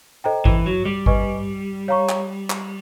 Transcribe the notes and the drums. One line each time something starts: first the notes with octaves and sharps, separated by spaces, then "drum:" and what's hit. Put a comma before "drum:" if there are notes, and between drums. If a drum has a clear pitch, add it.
A4 C5 D#5 G5 A#5
E3, drum: kick G#1
F#3
G3
B4 D#5 G#5 C#6, drum: kick G#1
C#5 F5 A#5 C#6
drum: clap
drum: clap